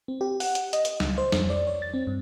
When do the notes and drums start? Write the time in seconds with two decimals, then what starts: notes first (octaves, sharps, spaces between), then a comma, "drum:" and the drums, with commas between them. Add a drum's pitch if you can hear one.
0.08 C4
0.21 G4
0.40 F#5, drum: open hi-hat
0.55 drum: hi-hat
0.73 D#5, drum: hi-hat
0.85 drum: hi-hat
1.00 C#2, drum: snare
1.18 C5
1.32 F2, drum: snare
1.50 D5
1.67 C#5
1.82 A6
1.94 C4
2.07 G2